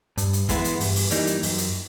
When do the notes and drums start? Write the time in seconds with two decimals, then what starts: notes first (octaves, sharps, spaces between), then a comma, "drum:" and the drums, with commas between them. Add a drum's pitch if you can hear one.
0.18 G2, drum: hi-hat
0.33 drum: hi-hat
0.49 E3 G#3 B3 E4, drum: kick, hi-hat
0.64 drum: hi-hat
0.80 G2, drum: open hi-hat
0.96 drum: open hi-hat
1.11 E3 G3 A#3 D#4, drum: hi-hat
1.27 drum: hi-hat
1.43 F#2, drum: open hi-hat
1.58 drum: hi-hat